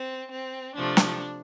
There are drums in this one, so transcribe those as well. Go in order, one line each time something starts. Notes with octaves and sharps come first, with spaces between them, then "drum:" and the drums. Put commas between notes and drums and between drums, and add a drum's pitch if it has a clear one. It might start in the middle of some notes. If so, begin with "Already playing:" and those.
Already playing: C4
C4
C3 F3 A3 D4
drum: snare